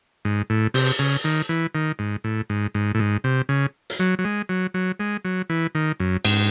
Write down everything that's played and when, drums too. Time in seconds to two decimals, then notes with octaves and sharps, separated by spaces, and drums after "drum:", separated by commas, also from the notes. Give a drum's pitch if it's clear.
0.25 G#2
0.50 A2
0.74 C3, drum: open hi-hat
0.99 C#3
1.24 D#3
1.49 E3
1.75 D#3
1.99 G#2
2.24 A2
2.50 G#2
2.75 G#2
2.95 A2
3.00 G#2
3.24 C3
3.49 C#3
3.90 drum: hi-hat
4.00 F#3
4.19 F#3
4.25 G#3
4.49 F#3
4.74 F#3
5.00 G#3
5.25 F#3
5.50 E3
5.75 D#3
6.00 F#2
6.25 G#2, drum: cymbal